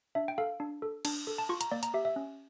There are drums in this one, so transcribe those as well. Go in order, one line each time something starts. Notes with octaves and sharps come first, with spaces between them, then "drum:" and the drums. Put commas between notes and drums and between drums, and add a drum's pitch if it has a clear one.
D4 E5
G5
A4 F5
D4
A4
D4, drum: cymbal
A4
A5
F4 C#6
A#5, drum: hi-hat
A#3 D5
A#5, drum: hi-hat
G4 E5
E5
C#4